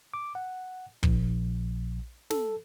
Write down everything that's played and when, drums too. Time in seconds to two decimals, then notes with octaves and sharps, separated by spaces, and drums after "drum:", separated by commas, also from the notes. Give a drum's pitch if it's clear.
0.14 D6
0.35 F#5
1.03 A#1, drum: kick
2.30 A4, drum: snare